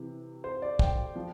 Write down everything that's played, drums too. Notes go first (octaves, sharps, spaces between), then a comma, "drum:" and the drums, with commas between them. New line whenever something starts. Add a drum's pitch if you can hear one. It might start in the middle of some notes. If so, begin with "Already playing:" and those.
Already playing: C3 E3
C5
D5
G5, drum: kick
F3